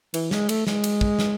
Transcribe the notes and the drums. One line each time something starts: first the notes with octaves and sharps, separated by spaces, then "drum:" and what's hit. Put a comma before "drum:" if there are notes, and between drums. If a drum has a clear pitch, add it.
E3, drum: cymbal
G#3, drum: snare
A3, drum: cymbal
G#3, drum: snare
drum: cymbal
drum: kick
drum: snare